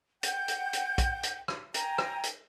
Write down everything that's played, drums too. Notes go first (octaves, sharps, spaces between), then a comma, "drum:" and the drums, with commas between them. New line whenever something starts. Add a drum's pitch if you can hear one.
F#5 G5 G6, drum: hi-hat
drum: hi-hat
drum: hi-hat
drum: kick A#1, hi-hat
drum: hi-hat
drum: rim click
G5 G#5 A#5, drum: hi-hat
drum: rim click
drum: hi-hat